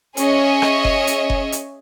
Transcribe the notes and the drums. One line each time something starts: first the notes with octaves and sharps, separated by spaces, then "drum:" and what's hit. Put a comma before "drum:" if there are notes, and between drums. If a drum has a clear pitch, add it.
C#4 G#4 C#5 D#5 E5, drum: hi-hat
drum: rim click
drum: kick F#1
drum: hi-hat
drum: kick F#1
drum: hi-hat